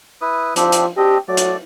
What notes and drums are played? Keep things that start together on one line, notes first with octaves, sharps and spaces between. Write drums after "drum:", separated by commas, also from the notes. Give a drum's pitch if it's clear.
E4 B4 D#6
F3 C4 D4 G4, drum: hi-hat
drum: hi-hat
C4 D4 G4 D#5
F#3 A3 D5
drum: hi-hat